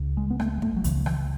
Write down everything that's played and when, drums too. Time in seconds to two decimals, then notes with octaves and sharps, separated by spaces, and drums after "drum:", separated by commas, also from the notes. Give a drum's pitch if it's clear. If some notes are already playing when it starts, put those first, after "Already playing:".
Already playing: C#2 C#3
0.17 G#3
0.30 B3
0.40 A3, drum: rim click
0.58 G#3
0.62 A3, drum: kick
0.76 F#3
0.84 C#2 C#3 E3, drum: hi-hat
0.99 F#3
1.06 E3, drum: rim click